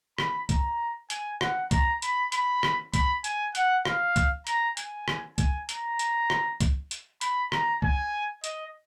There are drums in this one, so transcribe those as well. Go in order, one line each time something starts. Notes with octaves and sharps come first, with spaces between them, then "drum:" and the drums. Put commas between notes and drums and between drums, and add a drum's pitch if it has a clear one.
B5, drum: rim click
A#5, drum: kick C2, hi-hat
G#5, drum: hi-hat
F#5, drum: rim click
A#5, drum: kick C2, hi-hat
B5, drum: hi-hat
B5, drum: hi-hat
drum: rim click
B5, drum: kick C2, hi-hat
G#5, drum: hi-hat
F#5, drum: hi-hat
F5, drum: rim click
drum: kick C2, hi-hat
A#5, drum: hi-hat
G#5, drum: hi-hat
drum: rim click
G#5, drum: kick C2, hi-hat
A#5, drum: hi-hat
drum: hi-hat
drum: rim click
drum: kick C2, hi-hat
drum: hi-hat
B5, drum: hi-hat
A#5, drum: rim click
G#5, drum: kick C2
D#5, drum: hi-hat